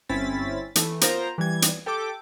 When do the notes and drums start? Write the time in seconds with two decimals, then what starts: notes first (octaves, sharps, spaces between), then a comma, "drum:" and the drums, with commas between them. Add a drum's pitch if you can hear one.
0.09 G1 C4 C#4 E4 A6 B6
0.75 E3 A3, drum: hi-hat
1.01 B3 F4 A#4 C5 A#5, drum: hi-hat
1.38 E3 G3 G#6
1.62 drum: hi-hat
1.86 G4 A4 G5 D6